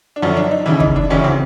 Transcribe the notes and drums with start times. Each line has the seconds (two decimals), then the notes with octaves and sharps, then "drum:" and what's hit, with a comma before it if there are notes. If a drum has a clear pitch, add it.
0.16 D4
0.22 F#2 D3 F3 C#4
0.37 D4
0.51 D#4
0.66 D#2 C#3 E3 E4
0.80 D#4, drum: kick
0.96 D4
1.10 D2 C#3 E3 C#4
1.24 C4